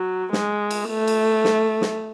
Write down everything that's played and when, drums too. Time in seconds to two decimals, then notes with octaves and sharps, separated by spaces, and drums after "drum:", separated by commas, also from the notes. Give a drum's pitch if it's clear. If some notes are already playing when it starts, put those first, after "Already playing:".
Already playing: F#3
0.33 G#3, drum: snare
0.71 drum: cymbal
0.89 A3
1.08 drum: cymbal
1.44 drum: snare
1.81 drum: snare